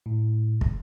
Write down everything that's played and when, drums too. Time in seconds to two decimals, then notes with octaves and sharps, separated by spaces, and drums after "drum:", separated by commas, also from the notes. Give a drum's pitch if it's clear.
0.06 A2
0.61 drum: kick